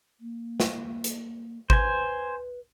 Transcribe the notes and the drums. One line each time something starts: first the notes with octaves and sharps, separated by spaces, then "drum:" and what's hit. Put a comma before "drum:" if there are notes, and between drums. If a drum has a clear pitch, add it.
A#3
drum: snare
drum: hi-hat
B4 C5 G#5, drum: kick G#1